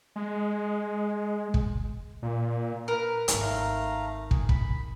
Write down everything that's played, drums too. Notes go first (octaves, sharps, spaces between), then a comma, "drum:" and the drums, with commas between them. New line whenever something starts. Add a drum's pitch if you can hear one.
G#3
drum: kick
A#2
A#4 B4
G#1 D#4, drum: hi-hat
A3 F5 A#5
G#4, drum: kick
B5, drum: kick